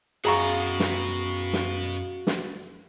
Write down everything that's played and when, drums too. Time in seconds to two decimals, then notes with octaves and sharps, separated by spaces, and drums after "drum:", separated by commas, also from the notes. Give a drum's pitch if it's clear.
0.25 F#2 B2 F#4 G#4 F5 A#5 C#6
0.80 drum: snare
1.53 drum: snare
2.27 drum: snare